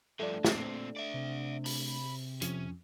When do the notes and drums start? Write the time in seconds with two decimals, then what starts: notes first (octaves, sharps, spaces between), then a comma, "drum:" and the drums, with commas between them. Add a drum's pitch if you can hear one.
0.19 G2 F3 A3 D4
0.45 A#2 C4, drum: snare
0.96 D5 E5
1.14 C3
1.66 B5, drum: open hi-hat
2.42 F2 C#4, drum: hi-hat